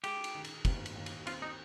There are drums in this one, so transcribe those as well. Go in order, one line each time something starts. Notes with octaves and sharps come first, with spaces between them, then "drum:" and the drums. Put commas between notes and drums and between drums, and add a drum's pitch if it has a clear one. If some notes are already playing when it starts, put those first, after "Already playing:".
G#3 G4, drum: cymbal
drum: cymbal
D#3
drum: cymbal
D#2, drum: kick, cymbal
drum: cymbal
D#2
drum: cymbal
C4 F4, drum: cymbal
D#4